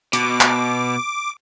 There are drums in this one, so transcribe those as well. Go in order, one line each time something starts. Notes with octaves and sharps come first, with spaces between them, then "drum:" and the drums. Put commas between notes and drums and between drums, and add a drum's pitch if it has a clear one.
B2 D6, drum: hi-hat
drum: clap